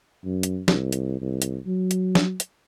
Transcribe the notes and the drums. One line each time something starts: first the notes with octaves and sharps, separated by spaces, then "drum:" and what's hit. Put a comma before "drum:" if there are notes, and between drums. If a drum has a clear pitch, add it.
F#2
drum: hi-hat
C2, drum: snare
drum: hi-hat
C2
drum: hi-hat
F#3
drum: hi-hat
drum: snare
drum: hi-hat